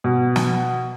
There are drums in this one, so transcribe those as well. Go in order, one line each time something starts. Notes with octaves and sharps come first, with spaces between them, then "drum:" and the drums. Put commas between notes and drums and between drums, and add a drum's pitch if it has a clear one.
B2
drum: snare